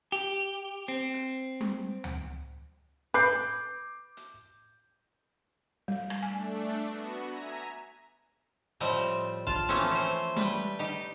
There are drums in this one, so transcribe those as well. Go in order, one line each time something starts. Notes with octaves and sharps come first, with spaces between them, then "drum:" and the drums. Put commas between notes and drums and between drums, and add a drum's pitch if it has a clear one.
G4
C4
drum: hi-hat
drum: tom G3
drum: tom D2
B4 D6 G6 C7, drum: hi-hat
drum: hi-hat
G3
drum: rim click
A3 D4 G#5
B3 F#4
E5 G#5 A#5
A2 F3 G3 C4 D#5
F4 A5, drum: kick
E3 F3 A3 A#3 C4 C#4, drum: snare
C#4 C5
G3 B4 G5, drum: tom G3
D#4 G4